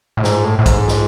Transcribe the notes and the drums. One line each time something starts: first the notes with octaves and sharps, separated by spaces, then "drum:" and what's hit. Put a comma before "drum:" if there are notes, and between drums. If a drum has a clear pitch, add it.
A2
G#2, drum: snare
A2
A2
G#2, drum: kick, hi-hat
drum: snare